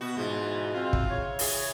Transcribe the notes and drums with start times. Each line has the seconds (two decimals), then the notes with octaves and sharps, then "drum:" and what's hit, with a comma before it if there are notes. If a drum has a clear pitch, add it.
0.01 B2 B3 F#4
0.17 G#2 B2 E3 F4
0.74 C4 F4
0.93 drum: kick
1.09 C#3 C#5
1.39 E3 G#4, drum: open hi-hat